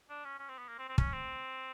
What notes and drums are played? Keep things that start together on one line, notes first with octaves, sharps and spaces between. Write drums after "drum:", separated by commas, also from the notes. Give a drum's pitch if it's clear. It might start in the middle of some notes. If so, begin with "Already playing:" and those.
D4
C#4
C#4
C4
B3
A#3
C4
C4
C#4, drum: kick
C4